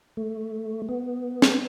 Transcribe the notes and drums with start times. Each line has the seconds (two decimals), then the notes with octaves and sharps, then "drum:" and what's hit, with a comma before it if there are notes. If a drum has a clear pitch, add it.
0.17 A3
0.89 B3
1.42 drum: snare